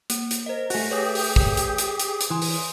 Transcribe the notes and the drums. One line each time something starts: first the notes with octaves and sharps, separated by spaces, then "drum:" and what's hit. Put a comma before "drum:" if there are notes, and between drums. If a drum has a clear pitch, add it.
A#3, drum: hi-hat
drum: hi-hat
A#4 C5 D#5
A3 F#4 G#5 F#6 A#6, drum: open hi-hat
G4 G#4 B4 C#5 G5 D#6
drum: open hi-hat
drum: kick
drum: hi-hat
drum: hi-hat
drum: hi-hat
drum: hi-hat
E3 G#5 C6 D#6
drum: open hi-hat